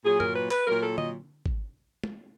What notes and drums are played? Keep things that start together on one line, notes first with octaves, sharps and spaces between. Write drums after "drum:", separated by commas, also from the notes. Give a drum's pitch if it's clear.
A#2 F#3 G#4
A#4, drum: tom G2
B4
B4, drum: clap
A#2 F#3 A#4
A4
D#5, drum: tom D3
drum: kick
drum: tom